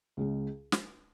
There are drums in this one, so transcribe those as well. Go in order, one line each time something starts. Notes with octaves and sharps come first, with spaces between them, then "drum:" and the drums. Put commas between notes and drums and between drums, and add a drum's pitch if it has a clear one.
C#2 C#3 G#3
drum: snare